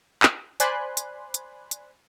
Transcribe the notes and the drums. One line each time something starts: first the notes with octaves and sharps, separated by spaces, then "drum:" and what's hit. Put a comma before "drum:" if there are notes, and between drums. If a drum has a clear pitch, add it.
drum: clap
C5 D5 G#5 B5 C6 F#6, drum: hi-hat
drum: hi-hat
drum: hi-hat
drum: hi-hat